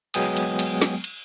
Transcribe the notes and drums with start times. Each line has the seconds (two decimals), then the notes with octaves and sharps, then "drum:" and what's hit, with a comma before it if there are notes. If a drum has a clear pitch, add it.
0.14 F#3 G#3 B3 G5 G#5 D#6, drum: cymbal
0.37 drum: cymbal
0.59 drum: cymbal
0.82 drum: snare
1.04 drum: cymbal